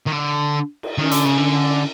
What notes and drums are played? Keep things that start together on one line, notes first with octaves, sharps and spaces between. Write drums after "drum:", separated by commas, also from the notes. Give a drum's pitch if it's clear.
D#3
D3
drum: cymbal
D#3 C#4
D3, drum: hi-hat
C#3
D3